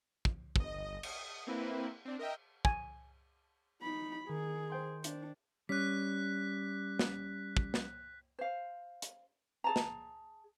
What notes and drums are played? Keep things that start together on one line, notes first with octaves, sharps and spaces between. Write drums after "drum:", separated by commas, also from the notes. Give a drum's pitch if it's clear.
drum: kick
G1 D#5, drum: kick
D#6, drum: cymbal
A#3 C4 E4 B4
C4 D4
A#4 D#5 E5 G5
G#5, drum: kick
D#4 B5
D#3 G#4
C5 G5 C6
D4, drum: hi-hat
G3 C#4 F#6 B6
drum: snare
drum: kick
drum: snare
C5 F5
drum: hi-hat
G#4 A5 A#5
drum: snare